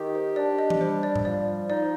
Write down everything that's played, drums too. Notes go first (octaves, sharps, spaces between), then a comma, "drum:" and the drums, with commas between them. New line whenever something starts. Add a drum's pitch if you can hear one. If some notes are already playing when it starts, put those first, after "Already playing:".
Already playing: D#3 G4
C5
D4 D5
D#5
drum: tom E3
G3 C5
D5
drum: tom G#2
F3 D5
D#4 D5